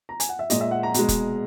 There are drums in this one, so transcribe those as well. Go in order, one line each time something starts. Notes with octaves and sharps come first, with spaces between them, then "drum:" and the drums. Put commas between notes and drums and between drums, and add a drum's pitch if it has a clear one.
A#5
G#5, drum: hi-hat
F#5
E5
A#2 G#3 D#5, drum: hi-hat
E5
F#5
A#5
B2 G#3, drum: hi-hat
drum: kick, hi-hat